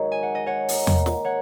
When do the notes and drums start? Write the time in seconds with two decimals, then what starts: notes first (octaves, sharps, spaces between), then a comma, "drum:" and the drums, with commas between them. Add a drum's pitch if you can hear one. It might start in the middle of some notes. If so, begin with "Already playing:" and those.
Already playing: G#2 D#3 F#3 G#4 C#5
0.12 G#5
0.23 F#5
0.35 D#5
0.46 C#5 F#5
0.69 G#2 D#3 A#3, drum: open hi-hat
0.87 drum: tom E2
1.06 drum: snare
1.25 C#5 F#5